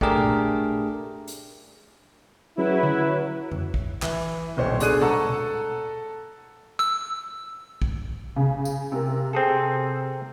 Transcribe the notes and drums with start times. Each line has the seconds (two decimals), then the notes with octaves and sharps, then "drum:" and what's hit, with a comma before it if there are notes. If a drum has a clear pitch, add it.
0.01 A3 D4 G4 G#4 A#4, drum: kick
0.18 drum: tom A#2
1.28 drum: hi-hat
2.58 F#3 C#4 E4 F#4 G#4 B4
2.83 drum: tom D3
3.52 drum: tom F2
3.74 drum: kick
4.02 E3, drum: clap
4.57 D#1 B1 G4 C5 C#5
4.80 B2 D4 G#4 A4 F#6 D#7, drum: hi-hat
5.01 A4 F#5 A5 A#5 C#6 E6, drum: tom B2
5.29 drum: tom B2
6.79 E6
7.82 drum: kick
8.36 C#3
8.65 drum: tambourine
8.92 C3 A#4
9.33 C4 G#4 A4